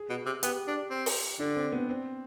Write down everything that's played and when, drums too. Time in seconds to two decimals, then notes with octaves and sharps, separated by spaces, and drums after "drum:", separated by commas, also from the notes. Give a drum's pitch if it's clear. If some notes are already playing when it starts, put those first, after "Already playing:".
Already playing: G#4
0.10 B2
0.26 C3
0.43 B3 G4, drum: hi-hat
0.67 D4
0.90 C4
1.06 drum: open hi-hat
1.39 D3 D4
1.56 C4
1.72 B3
1.89 C4